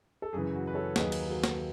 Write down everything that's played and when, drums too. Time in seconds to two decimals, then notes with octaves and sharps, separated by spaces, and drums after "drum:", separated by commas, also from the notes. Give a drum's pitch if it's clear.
0.22 A4
0.33 F#2 C#3 E3 G#4
0.55 F#4
0.67 B4
0.75 A4 C#5
0.96 D#2 D#3 F#3 G#4 B4, drum: snare
1.12 drum: cymbal
1.27 F#4 A4
1.44 drum: snare